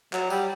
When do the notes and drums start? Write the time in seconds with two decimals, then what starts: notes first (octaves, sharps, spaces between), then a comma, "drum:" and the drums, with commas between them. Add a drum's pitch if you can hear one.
0.13 F#3, drum: clap
0.30 G3, drum: tambourine